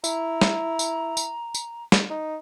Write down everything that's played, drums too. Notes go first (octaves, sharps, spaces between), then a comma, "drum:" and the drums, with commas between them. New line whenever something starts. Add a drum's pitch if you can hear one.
E4 A#5, drum: tambourine
drum: snare
drum: tambourine
drum: tambourine
drum: tambourine
drum: snare
D#4